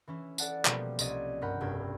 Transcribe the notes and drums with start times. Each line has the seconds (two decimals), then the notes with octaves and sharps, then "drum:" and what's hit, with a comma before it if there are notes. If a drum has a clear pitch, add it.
0.07 E3 C#4 E4
0.38 A4 D5 F#5 A5, drum: tambourine
0.65 B2 F3 G3 A#3 B3, drum: clap
0.99 C2 C#4 D5 D#5 G#6, drum: tambourine
1.41 G2 A#4 F#5 B5 G6
1.60 F1 B1 G2 G5 E6 G#6